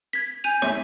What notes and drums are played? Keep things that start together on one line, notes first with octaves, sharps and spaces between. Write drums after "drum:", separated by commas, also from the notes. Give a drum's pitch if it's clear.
G#6 B6
G#5 G6 D#7 F7
C#5 E5, drum: snare